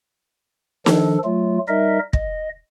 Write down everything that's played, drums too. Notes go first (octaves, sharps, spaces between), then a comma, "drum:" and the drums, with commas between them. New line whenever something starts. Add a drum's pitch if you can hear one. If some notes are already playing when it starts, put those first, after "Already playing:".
D#3 F3 D4 A4, drum: snare
F#3 A3 F4
G3 D#4 A#4 D#5 E5
D#5, drum: kick